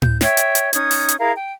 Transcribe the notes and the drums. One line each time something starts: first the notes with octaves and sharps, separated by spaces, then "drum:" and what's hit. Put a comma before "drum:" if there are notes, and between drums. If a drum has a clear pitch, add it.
G6, drum: tom A2
C#5 E5 G5, drum: snare
drum: hi-hat
drum: hi-hat
C#4 D#4 D#6 G#6, drum: hi-hat
drum: open hi-hat
drum: hi-hat
E4 G#4 A#4 F5
G5